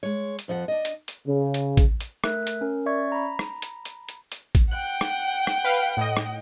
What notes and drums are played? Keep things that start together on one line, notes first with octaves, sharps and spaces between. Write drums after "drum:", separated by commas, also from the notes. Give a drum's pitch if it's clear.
G#3 C#5
drum: hi-hat
F2 F3 F4 F#5
D4 D#5
drum: hi-hat
drum: hi-hat
C#3
drum: hi-hat
drum: kick A1, hi-hat
drum: hi-hat
A3 A#4 E5 F#6, drum: rim click
drum: hi-hat
C#4 A#4
C#4 D5 E5 C#6 G#6
A#5 B5
drum: rim click
drum: hi-hat
drum: hi-hat
drum: hi-hat
drum: hi-hat
drum: kick A1, hi-hat
F#5 G5 F#6
drum: rim click
drum: rim click
B4 F5
A2 D#5
drum: rim click